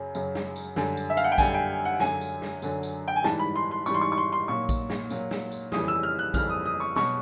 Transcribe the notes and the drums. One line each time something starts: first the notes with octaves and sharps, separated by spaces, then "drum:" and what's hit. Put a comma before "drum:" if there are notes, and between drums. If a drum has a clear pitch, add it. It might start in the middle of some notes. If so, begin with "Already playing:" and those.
Already playing: F#2 C#3 F#3
F#2 C#3 F#3, drum: tambourine
drum: snare
drum: tambourine
F#2 D3 G3, drum: snare
drum: tambourine
E5
F5, drum: tambourine
F#5
G5
F#2 D3 G3 G#5, drum: kick A#1, tambourine
G5
F#5
F#2 D3 F#3 G#5, drum: snare
drum: tambourine
drum: snare
F#2 D3 F#3, drum: tambourine
drum: tambourine
G5
G#5
G#2 E3 G3 A5, drum: snare
B5
C6
C6
G#2 E3 G3 C#6, drum: tambourine
C6
C#6
C#6
C6
C6
A#2 F#3 C#6
drum: kick A#1, tambourine
drum: snare
A#2 F#3, drum: tambourine
drum: snare
drum: tambourine
F2 C#3 E3 G3 D#6, drum: snare
E6
F6
F#6
F2 C#3 E3 G3 F6, drum: kick A#1, tambourine
D#6
D#6
C#6
B2 F#3 C#6, drum: snare